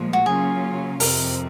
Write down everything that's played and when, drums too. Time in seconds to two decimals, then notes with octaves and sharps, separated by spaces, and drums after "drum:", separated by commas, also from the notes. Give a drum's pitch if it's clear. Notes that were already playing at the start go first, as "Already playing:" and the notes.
Already playing: A#2 F3 G#3
0.13 F#4
0.26 C#3 F#3 A#3 C#4 F4 G#4
1.00 F2 C3 F3 C4 A#4, drum: open hi-hat